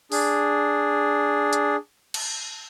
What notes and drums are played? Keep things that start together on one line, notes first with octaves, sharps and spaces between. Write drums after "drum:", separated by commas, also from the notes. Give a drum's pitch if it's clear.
D4 G#4, drum: open hi-hat
drum: hi-hat
drum: cymbal